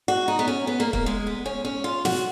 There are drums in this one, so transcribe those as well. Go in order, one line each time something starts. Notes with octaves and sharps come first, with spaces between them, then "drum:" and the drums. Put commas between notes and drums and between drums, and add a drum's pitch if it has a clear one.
F#4
D#4
B3
C#4
B3
A#3
A#3, drum: kick
G#3
B3
C#4
C#4
F4
F#4, drum: snare